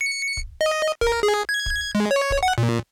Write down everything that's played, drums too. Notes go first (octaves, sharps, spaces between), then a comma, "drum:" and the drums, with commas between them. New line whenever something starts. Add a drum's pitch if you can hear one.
C#7
drum: kick
D#5
A#4, drum: kick
G#4
G#6
drum: kick
G#3
C#5
drum: kick
F#5
A#2